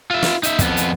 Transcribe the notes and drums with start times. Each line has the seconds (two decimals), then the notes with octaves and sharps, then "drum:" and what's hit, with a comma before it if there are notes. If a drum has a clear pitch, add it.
0.11 F4 E5
0.23 drum: snare
0.43 D#4 E5, drum: hi-hat
0.59 F2 B3, drum: kick, hi-hat
0.77 drum: hi-hat